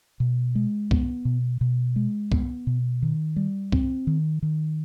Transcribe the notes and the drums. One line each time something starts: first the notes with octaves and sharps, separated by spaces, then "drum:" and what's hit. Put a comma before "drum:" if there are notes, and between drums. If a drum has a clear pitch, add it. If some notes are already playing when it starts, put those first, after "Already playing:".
B2
G#3
B3, drum: kick C2
B2
B2
G#3
B3, drum: kick C2
B2
D#3
G3
C4, drum: kick C2
D#3
D#3